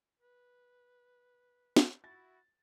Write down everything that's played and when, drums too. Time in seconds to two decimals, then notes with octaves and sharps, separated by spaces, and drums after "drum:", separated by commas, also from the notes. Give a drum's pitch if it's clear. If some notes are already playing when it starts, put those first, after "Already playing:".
0.20 B4
1.76 drum: snare
2.04 E4 F#4 A6